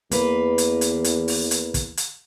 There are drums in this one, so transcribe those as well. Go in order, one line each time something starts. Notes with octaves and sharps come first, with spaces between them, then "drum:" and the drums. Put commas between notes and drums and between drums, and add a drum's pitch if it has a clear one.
E2 A#3 B4, drum: hi-hat
drum: hi-hat
drum: hi-hat
drum: hi-hat
drum: open hi-hat
drum: hi-hat
drum: kick, hi-hat
drum: hi-hat